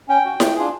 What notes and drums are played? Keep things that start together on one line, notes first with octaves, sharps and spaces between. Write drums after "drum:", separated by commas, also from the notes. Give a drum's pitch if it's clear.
C#4 G5
F#4
A3, drum: snare E4
D4 F4 G#4